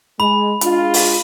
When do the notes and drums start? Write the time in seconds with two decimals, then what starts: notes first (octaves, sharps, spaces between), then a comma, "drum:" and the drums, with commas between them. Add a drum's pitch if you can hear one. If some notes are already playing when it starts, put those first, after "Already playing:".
0.20 G#3 B5
0.61 G#3 D4 F4, drum: hi-hat
0.94 drum: open hi-hat